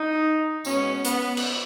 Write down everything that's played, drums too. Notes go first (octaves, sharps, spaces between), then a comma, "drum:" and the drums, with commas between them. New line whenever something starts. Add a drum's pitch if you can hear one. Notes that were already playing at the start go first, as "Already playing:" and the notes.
Already playing: D#4
B2 G#3 B3 C#4, drum: tambourine
B3, drum: hi-hat
drum: cymbal